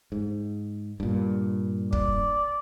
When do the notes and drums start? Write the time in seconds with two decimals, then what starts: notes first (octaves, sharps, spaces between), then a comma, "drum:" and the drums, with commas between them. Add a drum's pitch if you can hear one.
0.12 G#2
1.00 G2 A#2
1.93 D5, drum: kick